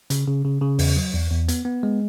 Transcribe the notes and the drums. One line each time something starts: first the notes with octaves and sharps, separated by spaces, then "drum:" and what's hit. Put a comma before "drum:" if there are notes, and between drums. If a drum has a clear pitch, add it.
C#3, drum: hi-hat
C#3
C#3
C#3
E2, drum: open hi-hat
F#3
E2
E2
B3, drum: hi-hat
B3
G#3